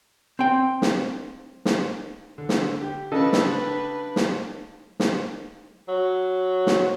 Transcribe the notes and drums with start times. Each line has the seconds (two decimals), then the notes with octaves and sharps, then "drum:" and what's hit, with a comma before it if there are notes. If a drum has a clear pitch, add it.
0.39 C4 G5
0.82 drum: snare
1.65 drum: snare
2.38 D3
2.49 drum: snare
2.81 G4
3.12 C#3 D4 A4 B4 D#5
3.32 drum: snare
4.16 drum: snare
5.00 drum: snare
5.88 F#3
6.67 drum: snare